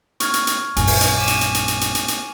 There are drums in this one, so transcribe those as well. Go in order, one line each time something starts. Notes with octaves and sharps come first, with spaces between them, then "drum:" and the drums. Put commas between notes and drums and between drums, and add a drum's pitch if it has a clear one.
C#6 F6 G#6, drum: hi-hat
drum: hi-hat
drum: hi-hat
A#1 F#2 G#5, drum: hi-hat
drum: open hi-hat
drum: hi-hat
D6 D#7 E7
drum: hi-hat
drum: hi-hat
drum: hi-hat
drum: hi-hat
drum: hi-hat
drum: hi-hat
drum: hi-hat